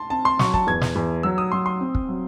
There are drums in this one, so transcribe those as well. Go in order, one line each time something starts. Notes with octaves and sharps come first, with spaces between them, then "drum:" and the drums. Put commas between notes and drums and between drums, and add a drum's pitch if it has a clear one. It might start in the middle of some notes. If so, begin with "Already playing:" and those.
Already playing: A5 C6
C4 A5
C6
F#3 C#6, drum: snare
A5, drum: kick
E2 G#6
drum: snare
E2
F#3 E6
D#6
F#3 C6
C6
C4
drum: kick
F#3